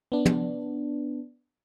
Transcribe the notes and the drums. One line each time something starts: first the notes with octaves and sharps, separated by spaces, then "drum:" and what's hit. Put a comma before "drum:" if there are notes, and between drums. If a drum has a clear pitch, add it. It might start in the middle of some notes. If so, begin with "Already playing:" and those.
B3 D4
drum: tom